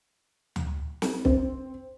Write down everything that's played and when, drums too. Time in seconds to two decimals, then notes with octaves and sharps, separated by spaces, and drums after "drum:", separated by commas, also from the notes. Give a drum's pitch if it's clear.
0.56 drum: tom D2
1.02 drum: snare
1.25 C4, drum: kick B1